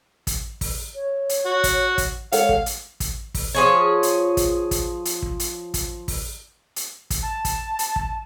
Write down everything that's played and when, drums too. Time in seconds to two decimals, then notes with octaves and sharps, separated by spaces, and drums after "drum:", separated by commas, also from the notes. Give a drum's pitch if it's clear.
0.27 drum: kick, hi-hat
0.61 drum: kick, open hi-hat
0.95 C#5
1.29 drum: hi-hat
1.46 F#4
1.64 drum: kick, hi-hat
1.98 drum: kick, hi-hat
2.32 G#3 A4 C#5 F5 F#5, drum: hi-hat
2.49 drum: kick
2.66 drum: hi-hat
3.00 drum: kick, hi-hat
3.34 drum: kick, open hi-hat
3.55 F3 G#4 C#5
4.03 drum: hi-hat
4.37 drum: kick, hi-hat
4.71 drum: kick, hi-hat
5.05 drum: hi-hat
5.22 drum: kick
5.40 drum: hi-hat
5.74 drum: kick, hi-hat
6.08 drum: kick, open hi-hat
6.76 drum: hi-hat
7.10 drum: kick, hi-hat
7.23 A5
7.45 drum: kick, hi-hat
7.79 drum: hi-hat
7.96 drum: kick